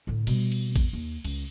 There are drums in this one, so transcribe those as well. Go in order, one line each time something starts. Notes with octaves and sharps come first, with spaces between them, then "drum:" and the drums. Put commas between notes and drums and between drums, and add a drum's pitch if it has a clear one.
A2 D3
B2 G3, drum: cymbal
drum: cymbal
E2, drum: kick A1, cymbal
D#2
C#2, drum: cymbal